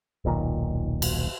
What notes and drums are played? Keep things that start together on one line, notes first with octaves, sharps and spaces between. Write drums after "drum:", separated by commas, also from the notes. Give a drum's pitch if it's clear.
D#1 B1 A#2 D#3
drum: cymbal